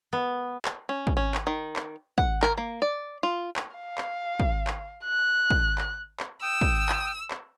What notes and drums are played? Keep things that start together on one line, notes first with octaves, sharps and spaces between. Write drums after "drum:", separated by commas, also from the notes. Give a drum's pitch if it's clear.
B3
drum: clap
C#4
drum: kick
C#4
drum: clap
D#3
drum: clap
F#5, drum: kick
A#4, drum: clap
A#3
D5
F4
drum: clap
F5
drum: clap
drum: kick
drum: clap
F#6
drum: kick
drum: clap
drum: clap
G5 D#6 E6
drum: kick
drum: clap
drum: clap